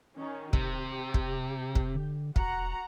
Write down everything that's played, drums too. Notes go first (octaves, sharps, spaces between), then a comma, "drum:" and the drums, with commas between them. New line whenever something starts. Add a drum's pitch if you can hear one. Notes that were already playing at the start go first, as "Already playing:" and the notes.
D#3 C#4
C3 G4, drum: kick
drum: kick
drum: kick
D3
E1 F#4 F#5 A#5, drum: kick